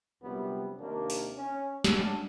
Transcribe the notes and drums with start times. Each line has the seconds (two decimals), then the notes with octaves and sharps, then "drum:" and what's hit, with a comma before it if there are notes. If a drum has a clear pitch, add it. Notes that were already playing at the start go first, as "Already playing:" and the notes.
0.22 A#1 C3 F#3 G3 B3
0.78 D#2 C3 D#3 A#3 D4
1.10 drum: open hi-hat
1.37 C#4
1.84 F#3 G#3 C#4 D4, drum: snare